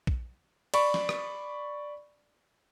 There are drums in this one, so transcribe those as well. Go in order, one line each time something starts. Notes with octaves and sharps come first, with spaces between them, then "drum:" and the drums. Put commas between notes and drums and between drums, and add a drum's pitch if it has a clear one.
drum: kick
D5 B5 C#6, drum: cymbal
drum: snare
drum: rim click